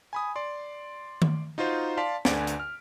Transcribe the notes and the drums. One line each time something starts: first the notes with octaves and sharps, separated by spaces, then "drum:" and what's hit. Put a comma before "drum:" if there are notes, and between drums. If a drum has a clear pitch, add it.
G#5 B5 D#6
D5 C6
drum: tom D#3
D#4 F4 F#4 C5
D5 F5 A5 C6 B6
D2 D3 B4 D5 G#5 D7, drum: snare
drum: hi-hat
F6